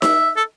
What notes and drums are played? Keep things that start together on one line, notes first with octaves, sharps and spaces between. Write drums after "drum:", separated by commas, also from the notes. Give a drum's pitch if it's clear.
E5, drum: snare D#4
A4